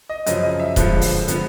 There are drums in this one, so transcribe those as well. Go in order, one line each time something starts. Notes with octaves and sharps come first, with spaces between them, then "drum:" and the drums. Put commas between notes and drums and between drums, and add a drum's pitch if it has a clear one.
D#5
F#2 C#3 F3 D#5, drum: hi-hat
D#5
E5
G2 D3 F3 G#3 B3, drum: kick D#1, hi-hat
drum: open hi-hat
D3 F3 G#3 B3, drum: hi-hat